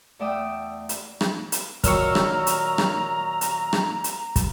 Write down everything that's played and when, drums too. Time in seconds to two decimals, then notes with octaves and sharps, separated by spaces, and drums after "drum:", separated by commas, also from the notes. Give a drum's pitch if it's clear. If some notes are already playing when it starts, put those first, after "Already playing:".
0.19 E2 A3 D5 E5 G5 D#6
0.89 drum: hi-hat
1.21 drum: rim click
1.52 drum: hi-hat
1.84 A#2 D#3 F#3 A#5 C#6 E6 F6, drum: kick, hi-hat
2.15 drum: rim click
2.47 drum: hi-hat
2.78 drum: rim click
3.41 drum: hi-hat
3.73 drum: rim click
4.04 drum: hi-hat
4.36 drum: kick, hi-hat